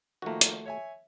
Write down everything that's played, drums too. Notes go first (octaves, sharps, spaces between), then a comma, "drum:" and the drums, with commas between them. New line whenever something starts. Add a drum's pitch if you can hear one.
D#3 F3 A3 A#3 F#4
drum: hi-hat
C#5 E5 G#5